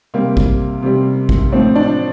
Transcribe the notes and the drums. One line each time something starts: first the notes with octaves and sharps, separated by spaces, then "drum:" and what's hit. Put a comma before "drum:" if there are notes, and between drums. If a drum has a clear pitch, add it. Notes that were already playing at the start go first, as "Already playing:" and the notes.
C3 G3 A#3
drum: kick A1
C3 G3
drum: kick A1
A2 F3 C4
D4